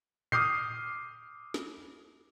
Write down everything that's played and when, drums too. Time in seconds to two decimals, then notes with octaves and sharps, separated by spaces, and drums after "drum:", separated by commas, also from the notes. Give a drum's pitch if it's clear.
0.32 D6 D#6 F6 G6 C7, drum: tom A2
1.54 drum: snare